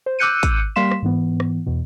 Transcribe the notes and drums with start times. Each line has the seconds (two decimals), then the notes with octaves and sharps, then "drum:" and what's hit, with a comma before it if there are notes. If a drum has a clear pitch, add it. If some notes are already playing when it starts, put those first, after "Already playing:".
0.06 C5
0.19 D6 E6 F#6 G6 C#7 D#7
0.43 drum: kick, hi-hat
0.76 G3 A#3 F5 C6 B6 E7
0.91 drum: rim click
1.03 G#2 E3 B3
1.40 drum: rim click
1.66 E2 B2